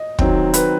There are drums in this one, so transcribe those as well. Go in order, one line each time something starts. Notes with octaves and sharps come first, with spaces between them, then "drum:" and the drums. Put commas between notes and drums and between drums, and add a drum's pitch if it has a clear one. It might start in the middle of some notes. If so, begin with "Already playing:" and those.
Already playing: D#5
D#3 F#3 C4, drum: kick
B4, drum: hi-hat